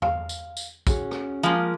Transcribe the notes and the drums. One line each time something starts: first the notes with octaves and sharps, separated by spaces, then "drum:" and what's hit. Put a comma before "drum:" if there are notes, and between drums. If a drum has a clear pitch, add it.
F5, drum: tom
drum: tambourine
drum: tambourine
C#4 F#4 G#4, drum: kick, tambourine
drum: rim click
F3 G#3 A#3